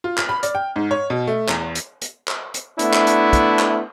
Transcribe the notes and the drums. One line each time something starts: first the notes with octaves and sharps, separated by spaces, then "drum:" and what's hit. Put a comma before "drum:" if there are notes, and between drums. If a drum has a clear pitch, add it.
F4
F6, drum: clap
B5
D5, drum: hi-hat
G5
G#2
C#5
B2
A3
E2, drum: clap
drum: hi-hat
drum: hi-hat
drum: clap
drum: hi-hat
A3 B3 D4 E4, drum: hi-hat
drum: clap
drum: hi-hat
drum: kick, hi-hat
drum: clap